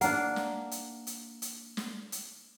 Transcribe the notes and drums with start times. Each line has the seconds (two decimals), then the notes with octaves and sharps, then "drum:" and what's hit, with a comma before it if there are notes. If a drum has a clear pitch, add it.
0.01 A#3 D4 D#4 F#5, drum: hi-hat
0.36 drum: snare
0.71 drum: hi-hat
1.07 drum: hi-hat
1.42 drum: hi-hat
1.77 drum: snare
2.12 drum: hi-hat